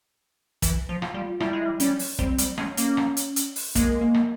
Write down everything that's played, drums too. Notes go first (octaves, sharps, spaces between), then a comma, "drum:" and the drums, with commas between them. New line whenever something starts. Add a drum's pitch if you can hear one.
E3, drum: kick, hi-hat
F3
F4, drum: rim click
G3
G3 E4, drum: rim click
G#3
G3
G3 C#4, drum: hi-hat
drum: open hi-hat
G3 C4, drum: kick
G3, drum: hi-hat
G#3 C#4, drum: rim click
A#3, drum: hi-hat
drum: rim click
drum: hi-hat
drum: hi-hat
drum: open hi-hat
G#3 A#3, drum: kick, hi-hat
A#3
drum: rim click